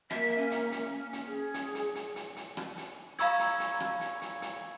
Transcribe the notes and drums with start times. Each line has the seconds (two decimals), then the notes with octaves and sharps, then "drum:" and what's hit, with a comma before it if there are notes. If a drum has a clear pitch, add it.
0.10 A#3 E5, drum: rim click
0.38 C#4
0.51 drum: hi-hat
0.72 drum: hi-hat
1.13 drum: hi-hat
1.26 G#4
1.54 drum: hi-hat
1.75 drum: hi-hat
1.95 drum: hi-hat
2.16 drum: hi-hat
2.36 drum: hi-hat
2.57 drum: rim click
2.78 drum: hi-hat
3.19 F5 A#5 B5 C#6 E6 G#6, drum: hi-hat
3.39 drum: hi-hat
3.60 drum: hi-hat
3.80 drum: rim click
4.01 drum: hi-hat
4.21 drum: hi-hat
4.42 drum: hi-hat